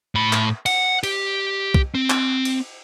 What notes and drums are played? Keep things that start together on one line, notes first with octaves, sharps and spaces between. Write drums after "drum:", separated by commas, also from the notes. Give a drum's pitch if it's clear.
A2 B5
drum: clap
F#5, drum: cymbal
G4, drum: cymbal
drum: kick
C4
drum: clap
drum: cymbal